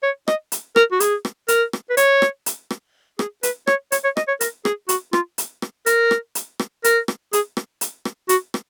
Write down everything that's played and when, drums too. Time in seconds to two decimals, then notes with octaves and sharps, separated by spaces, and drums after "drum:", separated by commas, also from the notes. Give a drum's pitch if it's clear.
0.03 C#5
0.28 D#5, drum: rim click
0.52 drum: hi-hat
0.76 A#4, drum: rim click
0.92 F#4
1.00 G#4, drum: hi-hat
1.25 drum: rim click
1.48 A#4, drum: hi-hat
1.73 drum: rim click
1.90 B4
1.97 C#5, drum: hi-hat
2.22 drum: rim click
2.46 drum: hi-hat
2.71 drum: rim click
3.19 G#4, drum: rim click
3.43 B4, drum: hi-hat
3.67 C#5, drum: rim click
3.92 C#5, drum: hi-hat
4.04 C#5
4.17 D#5, drum: rim click
4.28 C#5
4.41 A#4, drum: hi-hat
4.65 G#4, drum: rim click
4.89 F#4, drum: hi-hat
5.13 F4, drum: rim click
5.38 drum: hi-hat
5.62 drum: rim click
5.86 A#4, drum: hi-hat
6.11 drum: rim click
6.35 drum: hi-hat
6.59 drum: rim click
6.84 A#4, drum: hi-hat
7.08 drum: rim click
7.33 G#4, drum: hi-hat
7.57 drum: rim click
7.81 drum: hi-hat
8.05 drum: rim click
8.29 F#4, drum: hi-hat
8.54 drum: rim click